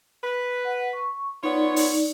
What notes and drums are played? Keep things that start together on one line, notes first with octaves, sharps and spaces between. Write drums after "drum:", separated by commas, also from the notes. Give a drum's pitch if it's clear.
B4
F#5
C#6
B3 D#4 F4 C#5 D5
drum: open hi-hat